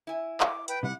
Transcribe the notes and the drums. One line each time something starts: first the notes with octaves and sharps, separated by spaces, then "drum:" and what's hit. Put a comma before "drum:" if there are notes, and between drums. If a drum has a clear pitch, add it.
E4 G#5
D6, drum: clap
B4 G5, drum: hi-hat
C3 G3 E4 F#5